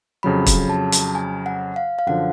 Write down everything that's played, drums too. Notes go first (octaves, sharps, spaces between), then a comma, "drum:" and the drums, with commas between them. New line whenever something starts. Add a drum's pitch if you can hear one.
F2 C#3 F#3 B5
drum: kick, hi-hat
A5
drum: hi-hat
G#5
F#5
F5
F5
F#2 D3 F3 F#5